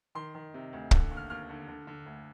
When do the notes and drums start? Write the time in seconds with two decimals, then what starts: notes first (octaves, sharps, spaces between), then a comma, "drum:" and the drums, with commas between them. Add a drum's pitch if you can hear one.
0.15 D#3 C6
0.35 D#3
0.54 C3
0.73 D2
0.91 D3, drum: kick
1.11 D#2
1.17 F6
1.30 D#2 F6
1.49 D3
1.68 D3
1.87 D3
2.06 D2